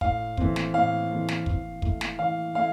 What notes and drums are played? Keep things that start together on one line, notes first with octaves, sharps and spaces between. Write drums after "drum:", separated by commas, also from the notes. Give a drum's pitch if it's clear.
A2 F5, drum: kick
E3 A3 C4, drum: kick
drum: snare
A2 F5
E3 A3 C4
drum: snare
E3, drum: kick
A3 E4, drum: kick
drum: snare
E3 F5
A3 E4 F5